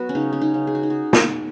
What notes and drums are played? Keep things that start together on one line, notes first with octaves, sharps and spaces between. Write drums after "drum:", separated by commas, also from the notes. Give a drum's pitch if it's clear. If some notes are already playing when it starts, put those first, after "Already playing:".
Already playing: F#3 B3 F#4 B4 C#5
C#4
C#3 D#4
C#4
D#4
C#3
G#4
F#4
D#4
F#4
drum: snare